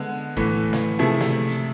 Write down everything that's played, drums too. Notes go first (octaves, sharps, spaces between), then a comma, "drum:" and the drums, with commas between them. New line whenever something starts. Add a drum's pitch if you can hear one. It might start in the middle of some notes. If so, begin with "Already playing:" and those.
Already playing: D3 G#3 B3
A2 E3 A3, drum: kick
drum: snare
C3 F3 A3 E4 G#4
drum: snare
drum: hi-hat